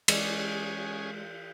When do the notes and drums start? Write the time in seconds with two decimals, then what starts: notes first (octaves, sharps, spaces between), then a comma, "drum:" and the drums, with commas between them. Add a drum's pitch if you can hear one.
0.08 E3 G#3 C#4 G#4 D5 D#5, drum: cymbal